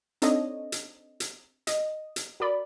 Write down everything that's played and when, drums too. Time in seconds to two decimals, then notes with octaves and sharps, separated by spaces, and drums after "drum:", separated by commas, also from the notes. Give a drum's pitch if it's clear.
0.22 C4 D4 D#4 A4 C#5 D#5, drum: hi-hat
0.72 drum: hi-hat
1.20 drum: hi-hat
1.67 D#5, drum: hi-hat
2.16 drum: hi-hat
2.40 F#4 A#4 D5 B5